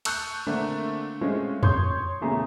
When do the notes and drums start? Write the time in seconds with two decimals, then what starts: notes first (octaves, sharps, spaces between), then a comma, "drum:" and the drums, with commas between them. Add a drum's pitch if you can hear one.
0.05 A5 C#6 E6 F#6 G6 C#7, drum: cymbal
0.46 D3 A3 A#3 C4 D4
1.21 G#3 A3 C4 C#4 F4
1.63 C#5 C6 D#6 G6, drum: tom E2
2.21 E2 A#2 C#3 A3 G#4 A#5